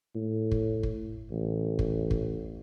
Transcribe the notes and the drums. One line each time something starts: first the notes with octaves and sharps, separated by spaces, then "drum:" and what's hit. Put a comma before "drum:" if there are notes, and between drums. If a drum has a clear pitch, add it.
A2
drum: kick
drum: kick
A1
drum: kick
drum: kick